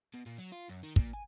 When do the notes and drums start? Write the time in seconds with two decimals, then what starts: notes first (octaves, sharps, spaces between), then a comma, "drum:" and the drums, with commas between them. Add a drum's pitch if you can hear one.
0.14 B2
0.26 A#2
0.38 F#3
0.52 F4
0.70 F#2
0.83 D#3
0.96 A#2, drum: kick
1.14 G#5